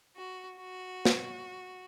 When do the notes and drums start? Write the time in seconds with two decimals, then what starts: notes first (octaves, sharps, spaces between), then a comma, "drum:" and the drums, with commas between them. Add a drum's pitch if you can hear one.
0.16 F#4
0.57 F#4
1.05 drum: snare